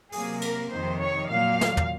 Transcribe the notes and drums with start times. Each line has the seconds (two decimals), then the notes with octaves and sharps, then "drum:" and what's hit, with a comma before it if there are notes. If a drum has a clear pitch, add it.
0.12 C3 F#3 A#3 G#4, drum: open hi-hat
0.42 A#4, drum: cymbal
0.72 F2 C3 D#3 C5
1.01 C#5
1.29 A#2 F#3 A#3 F5
1.61 drum: snare
1.77 drum: tom